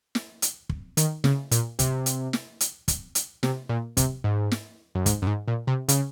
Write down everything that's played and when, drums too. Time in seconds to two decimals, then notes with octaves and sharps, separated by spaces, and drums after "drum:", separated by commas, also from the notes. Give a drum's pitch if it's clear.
0.15 drum: snare
0.42 drum: hi-hat
0.69 drum: kick
0.97 D#3, drum: hi-hat
1.24 C#3, drum: snare
1.51 A#2, drum: hi-hat
1.79 C3, drum: kick, hi-hat
2.06 drum: hi-hat
2.33 drum: snare
2.60 drum: hi-hat
2.88 drum: kick, hi-hat
3.15 drum: hi-hat
3.43 C3, drum: snare
3.69 A#2
3.97 C3, drum: kick, hi-hat
4.24 G#2
4.52 drum: snare
4.95 F#2
5.06 G#2, drum: kick, hi-hat
5.22 F#2
5.27 G#2
5.48 A#2
5.67 C3
5.89 C#3, drum: hi-hat